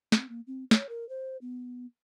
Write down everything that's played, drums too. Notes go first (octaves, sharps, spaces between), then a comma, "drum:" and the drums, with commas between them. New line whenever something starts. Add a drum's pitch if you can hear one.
C4, drum: snare
A#3
C4
C#5, drum: snare
A#4
C5
B3